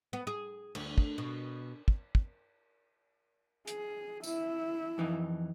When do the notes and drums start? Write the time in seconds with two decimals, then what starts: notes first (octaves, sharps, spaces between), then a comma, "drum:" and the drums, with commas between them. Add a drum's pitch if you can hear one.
0.13 B3
0.27 G#4
0.75 D2, drum: cymbal
0.98 drum: kick
1.18 B2
1.88 drum: kick
2.15 drum: kick
3.67 G#4, drum: hi-hat
4.24 E4 E5, drum: tambourine
4.98 F2 E3 D#4